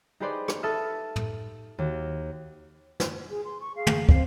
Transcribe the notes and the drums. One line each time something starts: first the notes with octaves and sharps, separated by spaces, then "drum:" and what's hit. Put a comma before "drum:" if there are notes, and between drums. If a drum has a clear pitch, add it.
D#4 G4 G#4 B4 C5 D5
drum: rim click
A4 B4 E5 D#6 F6
drum: tom
D#2 F#4
drum: snare
G#4
C6
C#6
G#4 F5
drum: tom
C4 F5, drum: kick